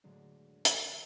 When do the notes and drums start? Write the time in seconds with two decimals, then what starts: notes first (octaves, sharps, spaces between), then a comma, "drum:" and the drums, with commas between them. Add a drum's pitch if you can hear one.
0.04 A2 D3 F#3 G#3 D4
0.65 drum: hi-hat